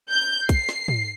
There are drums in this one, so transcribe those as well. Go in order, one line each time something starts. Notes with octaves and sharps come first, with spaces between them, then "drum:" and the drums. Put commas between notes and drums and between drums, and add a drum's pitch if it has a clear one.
G6
C7, drum: kick, hi-hat
drum: snare
drum: tom